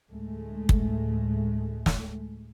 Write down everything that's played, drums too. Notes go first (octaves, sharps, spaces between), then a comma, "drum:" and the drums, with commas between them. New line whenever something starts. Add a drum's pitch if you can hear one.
D2 A2 G#3 A3
drum: kick
drum: snare